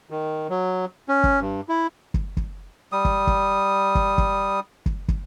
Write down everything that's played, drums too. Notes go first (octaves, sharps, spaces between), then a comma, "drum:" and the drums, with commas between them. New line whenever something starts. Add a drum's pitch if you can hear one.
D#3
F#3
C#4
drum: kick
G2
E4
drum: kick
drum: kick
G3 D#6
drum: kick
drum: kick
drum: kick
drum: kick
drum: kick
drum: kick